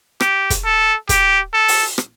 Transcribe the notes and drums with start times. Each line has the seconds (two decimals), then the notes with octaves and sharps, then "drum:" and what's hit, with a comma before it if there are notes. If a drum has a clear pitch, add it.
0.21 G4, drum: rim click
0.50 drum: kick, hi-hat
0.65 A4
1.09 G4, drum: kick, hi-hat
1.54 A4
1.68 drum: open hi-hat
1.98 drum: rim click